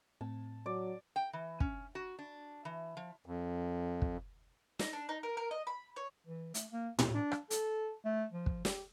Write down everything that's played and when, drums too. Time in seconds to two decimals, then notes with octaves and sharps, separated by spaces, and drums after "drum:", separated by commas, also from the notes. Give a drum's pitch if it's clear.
0.21 A2 C4 A5
0.66 F#3 D5
1.16 G5
1.33 E3
1.60 C#4, drum: kick
1.95 F#4
2.19 D4
2.65 E3
2.97 F3
3.26 F2
4.02 drum: kick
4.79 D#4, drum: snare
4.93 D4
5.09 D#4
5.23 A#4
5.37 A#4
5.51 D#5
5.67 B5
5.96 C#5
6.27 E3
6.54 A3, drum: hi-hat
6.72 A#3
6.99 D#2, drum: tom A2
7.14 D4
7.31 drum: rim click
7.50 A4, drum: hi-hat
8.05 A3
8.32 F3
8.46 drum: kick
8.65 G4, drum: snare